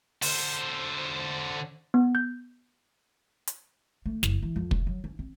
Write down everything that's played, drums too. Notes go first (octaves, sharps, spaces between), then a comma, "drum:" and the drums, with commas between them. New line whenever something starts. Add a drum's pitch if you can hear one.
D3 C5, drum: open hi-hat
B3
G6
drum: hi-hat
A3
F#1, drum: snare
E3
F2
A3, drum: kick
F#3
C#4
C4